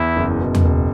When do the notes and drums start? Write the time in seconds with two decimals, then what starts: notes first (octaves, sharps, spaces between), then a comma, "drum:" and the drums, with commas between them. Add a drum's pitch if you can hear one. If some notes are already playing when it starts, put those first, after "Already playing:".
Already playing: E2 E4
0.16 F#1
0.41 B2
0.55 drum: tom E2
0.65 F#1